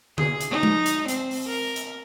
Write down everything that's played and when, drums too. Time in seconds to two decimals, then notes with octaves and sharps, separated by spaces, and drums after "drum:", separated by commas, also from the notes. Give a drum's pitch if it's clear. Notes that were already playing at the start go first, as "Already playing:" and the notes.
0.18 G#4, drum: tom D3
0.41 drum: hi-hat
0.51 D#4
0.63 drum: tom G#3
0.86 drum: hi-hat
1.08 C4, drum: hi-hat
1.31 drum: open hi-hat
1.47 A#4
1.76 drum: hi-hat